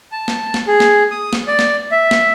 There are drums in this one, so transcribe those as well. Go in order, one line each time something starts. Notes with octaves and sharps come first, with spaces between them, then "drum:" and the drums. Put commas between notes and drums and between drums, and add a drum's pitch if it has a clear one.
A5
drum: snare
drum: snare
G#4
drum: snare
D#6
drum: snare
D5
drum: snare
E5
drum: snare